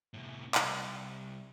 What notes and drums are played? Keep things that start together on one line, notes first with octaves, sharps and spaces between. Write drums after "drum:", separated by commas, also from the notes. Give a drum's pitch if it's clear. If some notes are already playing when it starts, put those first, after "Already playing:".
A2 C3
C2, drum: clap